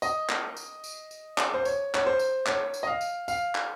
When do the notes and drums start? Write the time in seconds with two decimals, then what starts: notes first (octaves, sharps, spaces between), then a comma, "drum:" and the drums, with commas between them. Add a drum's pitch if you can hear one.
0.02 D#5, drum: tambourine
0.29 drum: clap
0.57 drum: tambourine
0.84 drum: tambourine
1.11 drum: tambourine
1.38 drum: clap
1.54 C5
1.65 C#5, drum: tambourine
1.94 C#5, drum: clap
2.06 C5
2.19 drum: tambourine
2.46 C#5, drum: clap
2.74 drum: tambourine
2.83 D#5
2.87 F5
3.01 drum: tambourine
3.28 F5, drum: tambourine
3.55 drum: clap